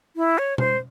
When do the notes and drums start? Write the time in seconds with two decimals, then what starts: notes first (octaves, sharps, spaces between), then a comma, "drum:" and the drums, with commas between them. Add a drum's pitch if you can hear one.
0.16 E4
0.38 C#5
0.58 C5, drum: tom B2